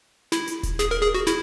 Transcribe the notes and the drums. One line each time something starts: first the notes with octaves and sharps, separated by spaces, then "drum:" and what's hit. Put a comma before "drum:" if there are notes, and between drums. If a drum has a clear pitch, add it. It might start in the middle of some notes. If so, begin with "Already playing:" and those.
E4, drum: snare
drum: hi-hat
drum: kick D#1, hi-hat
G#4, drum: snare
A#4
G#4
F#4
E4, drum: snare